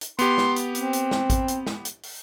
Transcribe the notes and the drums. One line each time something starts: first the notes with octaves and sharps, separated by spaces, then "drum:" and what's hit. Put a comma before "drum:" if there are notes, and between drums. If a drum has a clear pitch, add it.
drum: hi-hat
B3 G4 C6, drum: hi-hat
drum: snare
drum: hi-hat
C4, drum: hi-hat
drum: hi-hat
drum: snare
drum: kick A1, hi-hat
drum: hi-hat
drum: snare
drum: hi-hat
drum: open hi-hat